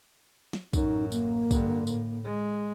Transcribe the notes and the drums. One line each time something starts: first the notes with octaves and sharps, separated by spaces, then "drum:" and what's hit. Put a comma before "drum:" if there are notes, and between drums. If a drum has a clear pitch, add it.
drum: snare
A1 F#2 D#4, drum: kick, tambourine
A#3, drum: tambourine
G2 D3, drum: kick, tambourine
A2, drum: tambourine
G#3